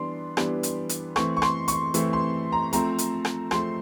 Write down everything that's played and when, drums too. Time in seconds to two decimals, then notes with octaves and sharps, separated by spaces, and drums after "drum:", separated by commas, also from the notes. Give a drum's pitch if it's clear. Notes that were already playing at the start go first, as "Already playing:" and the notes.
Already playing: E3 G3 B3 D4 C6
0.37 E3 G3 B3 D4, drum: rim click
0.63 drum: hi-hat
0.89 drum: hi-hat
1.16 E3 A3 C4 C#6, drum: rim click
1.37 C#6
1.42 C6, drum: rim click
1.68 C#6, drum: hi-hat
1.94 E3 A3 C4, drum: hi-hat
2.13 C6
2.52 A#5
2.73 F3 A3 C4 A#5, drum: hi-hat
2.98 drum: hi-hat
3.25 drum: rim click
3.51 F3 A3 C4 C6, drum: rim click